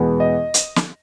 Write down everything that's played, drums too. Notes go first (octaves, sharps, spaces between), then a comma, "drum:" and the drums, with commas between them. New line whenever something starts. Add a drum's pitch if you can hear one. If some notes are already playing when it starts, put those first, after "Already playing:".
Already playing: E2 B2 G#3 B3
D#5
drum: hi-hat
drum: snare